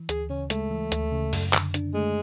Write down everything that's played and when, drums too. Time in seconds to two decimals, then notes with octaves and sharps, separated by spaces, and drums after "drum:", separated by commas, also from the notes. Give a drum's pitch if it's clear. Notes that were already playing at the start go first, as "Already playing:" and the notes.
Already playing: E3
0.09 D2 G#4, drum: hi-hat
0.30 C#3 C#4
0.50 G#3 A3, drum: hi-hat
0.71 E3
0.92 D2, drum: hi-hat
1.12 C#3
1.33 F#2, drum: open hi-hat
1.53 D3, drum: clap
1.74 D4, drum: hi-hat
1.94 G#3 A3